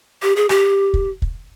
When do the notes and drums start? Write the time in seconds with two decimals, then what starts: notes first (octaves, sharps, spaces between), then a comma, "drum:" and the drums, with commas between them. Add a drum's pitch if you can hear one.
0.22 G4
0.36 G#4
0.49 G4, drum: rim click
0.94 drum: kick
1.22 drum: kick